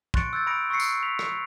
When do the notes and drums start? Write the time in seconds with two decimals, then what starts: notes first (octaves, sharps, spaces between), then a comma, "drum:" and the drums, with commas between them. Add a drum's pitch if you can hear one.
0.14 C6 C#6 F#6 A6 C#7 D7, drum: kick
0.33 E6 F#6 G6 A6
0.47 B5 D#6 A#6 C#7 D7
0.70 C#6 E6 A#6 C7 C#7
0.80 drum: tambourine
1.03 B6 F7
1.19 drum: rim click